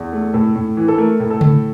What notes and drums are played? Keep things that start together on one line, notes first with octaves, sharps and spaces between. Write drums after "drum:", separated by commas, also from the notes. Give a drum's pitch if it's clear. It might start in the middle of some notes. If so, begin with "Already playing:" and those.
Already playing: E2
A3
A2 A4
A2
E3
A4
A3 A#4
A2
A4
A2, drum: tom C#3